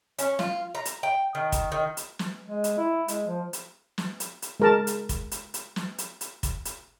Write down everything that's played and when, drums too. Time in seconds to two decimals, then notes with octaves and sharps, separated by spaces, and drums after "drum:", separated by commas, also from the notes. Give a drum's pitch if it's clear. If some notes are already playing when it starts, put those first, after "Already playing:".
0.18 C#4, drum: hi-hat
0.39 F4, drum: snare
0.75 A#5
0.85 drum: hi-hat
1.03 G5
1.35 D#3
1.52 drum: kick, hi-hat
1.72 D#3
1.97 drum: hi-hat
2.19 drum: snare
2.47 G#3
2.64 drum: hi-hat
2.78 E4
3.08 G#3, drum: hi-hat
3.27 F3
3.53 drum: hi-hat
3.98 drum: snare
4.20 drum: hi-hat
4.42 drum: hi-hat
4.60 G#3 A#4 A5
4.87 drum: hi-hat
5.09 drum: kick, hi-hat
5.31 drum: hi-hat
5.54 drum: hi-hat
5.76 drum: snare
5.98 drum: hi-hat
6.21 drum: hi-hat
6.43 drum: kick, hi-hat
6.65 drum: hi-hat